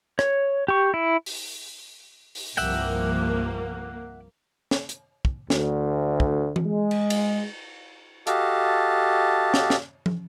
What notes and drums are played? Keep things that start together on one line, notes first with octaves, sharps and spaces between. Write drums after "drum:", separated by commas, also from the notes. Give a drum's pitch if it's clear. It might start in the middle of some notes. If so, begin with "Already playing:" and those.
C#5, drum: rim click
G4 C#6
E4
drum: open hi-hat
drum: open hi-hat
C2 G2 F3 A#3 E5 F#5 G5, drum: tambourine
drum: snare
drum: hi-hat
drum: kick
D2, drum: snare
drum: kick
drum: tom E3
G#3
drum: cymbal
drum: cymbal
F#4 G4 A4 D#5 F5 A5, drum: hi-hat
drum: snare
drum: snare
drum: tom